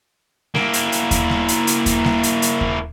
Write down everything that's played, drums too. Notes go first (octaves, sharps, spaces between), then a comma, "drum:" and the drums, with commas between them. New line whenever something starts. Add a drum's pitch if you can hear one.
A#3 E4, drum: snare G3
drum: hi-hat
drum: hi-hat
drum: kick D#2, hi-hat
drum: snare G3
drum: hi-hat
drum: hi-hat
drum: kick D#2, hi-hat
drum: snare G3
drum: hi-hat
drum: hi-hat
drum: kick D#2